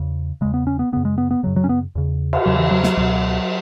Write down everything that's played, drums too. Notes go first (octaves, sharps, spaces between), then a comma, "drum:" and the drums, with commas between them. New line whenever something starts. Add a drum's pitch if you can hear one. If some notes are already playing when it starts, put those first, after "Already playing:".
Already playing: E2 C#3
E2 C#3 G#3
B3
C#4
B3
F#2 C#3 B3
G#3
B3
B3
F#2 C#3 F#3
F#3
C#4
B3
E2 C#3
drum: cymbal
E2 C#3 F#3
E3
F#3
F#3, drum: snare
C#2 B2 F#3